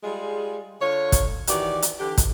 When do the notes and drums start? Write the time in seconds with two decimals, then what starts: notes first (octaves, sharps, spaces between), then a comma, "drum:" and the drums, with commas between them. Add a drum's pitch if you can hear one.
0.03 G3 G#3 F4 G#4
0.81 D3 F4 C#5
1.12 drum: kick, hi-hat
1.47 D#3 E3 F#4 G4 D5, drum: hi-hat
1.82 drum: hi-hat
1.99 D3 E3 G4
2.18 drum: kick, hi-hat